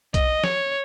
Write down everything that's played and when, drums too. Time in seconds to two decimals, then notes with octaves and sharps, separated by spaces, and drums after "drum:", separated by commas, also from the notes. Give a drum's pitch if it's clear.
0.14 D#5, drum: kick B1, hi-hat
0.44 C#5, drum: snare